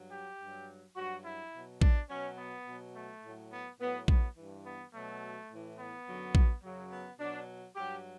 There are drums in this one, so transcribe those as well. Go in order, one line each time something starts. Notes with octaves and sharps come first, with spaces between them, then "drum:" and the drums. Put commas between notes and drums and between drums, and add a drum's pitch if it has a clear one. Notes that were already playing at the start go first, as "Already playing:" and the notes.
Already playing: G2 F#3
G4
G2 F#3
G2 F#3 F#4
E4
B2 F#3
D4, drum: kick
B2 F#3 C#4
B3
B2 F#3
A3
A2 F#3
B3
A2 F#3 B3
B3, drum: kick
G2 E3
B3
B2 F#3 A3
A2 E3
B3
F#2 D3 F#3
drum: kick
F#2 C#3 F#3
B3
B2 F#3 D4
G2 F#3 G4